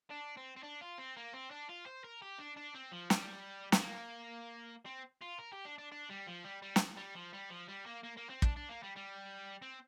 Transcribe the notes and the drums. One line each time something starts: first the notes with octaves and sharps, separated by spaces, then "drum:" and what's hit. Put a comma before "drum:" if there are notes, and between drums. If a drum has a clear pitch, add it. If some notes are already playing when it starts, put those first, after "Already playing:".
D4
C4
C4
D4
F4
C4
A#3
C4
D4
F4
C5
A#4
G4
D4
D4
C4
F3
G3, drum: snare
G3, drum: snare
A#3
C4
F4
A#4
G4
D4
D4
D4
G3
F3
G3
G3
drum: snare
G3
F3
G3
F3
G3
A#3
A#3
A#3
C4
D4, drum: kick
D4
A#3
G3
G3
C4